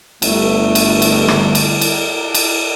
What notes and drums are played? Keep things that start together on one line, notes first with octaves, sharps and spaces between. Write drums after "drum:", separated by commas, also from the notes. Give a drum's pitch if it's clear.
G1 A3, drum: cymbal
drum: cymbal
drum: cymbal
drum: rim click
drum: cymbal
drum: cymbal
drum: cymbal